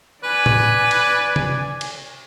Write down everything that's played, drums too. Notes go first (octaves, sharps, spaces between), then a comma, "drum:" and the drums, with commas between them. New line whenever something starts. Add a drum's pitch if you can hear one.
B4 D5 G#5
drum: tom A2
drum: cymbal
drum: tom
drum: cymbal